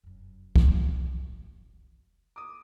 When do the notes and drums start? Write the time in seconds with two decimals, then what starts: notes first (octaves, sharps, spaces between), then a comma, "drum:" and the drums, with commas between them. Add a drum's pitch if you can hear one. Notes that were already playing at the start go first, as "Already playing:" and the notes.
0.03 F1 F#2
0.56 drum: kick
2.36 D6 D#6